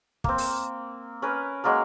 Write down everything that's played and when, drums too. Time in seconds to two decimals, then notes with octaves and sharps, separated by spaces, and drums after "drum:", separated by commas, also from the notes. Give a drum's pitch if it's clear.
0.24 A#3 C4, drum: kick
0.38 drum: open hi-hat
1.22 C#4 A#4 B4
1.64 F#3 G#3 A#3 A#4